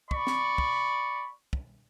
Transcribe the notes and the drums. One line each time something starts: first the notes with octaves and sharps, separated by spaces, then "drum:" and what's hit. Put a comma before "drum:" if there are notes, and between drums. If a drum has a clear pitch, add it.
D5 B5 C#6, drum: kick
drum: snare
drum: kick
drum: kick